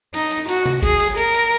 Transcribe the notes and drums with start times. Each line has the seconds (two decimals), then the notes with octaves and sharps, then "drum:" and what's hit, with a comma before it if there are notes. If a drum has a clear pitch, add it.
0.14 D#4, drum: cymbal
0.31 drum: cymbal
0.49 F#4, drum: cymbal
0.66 drum: tom C3
0.83 G#4, drum: kick F#1, cymbal
1.00 drum: cymbal
1.17 A#4, drum: cymbal
1.35 drum: cymbal